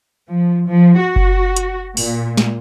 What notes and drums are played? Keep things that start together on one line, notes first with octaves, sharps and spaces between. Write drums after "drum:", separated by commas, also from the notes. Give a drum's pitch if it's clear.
F3
F3
F#4
drum: kick F#1
drum: hi-hat
A#2, drum: open hi-hat
drum: snare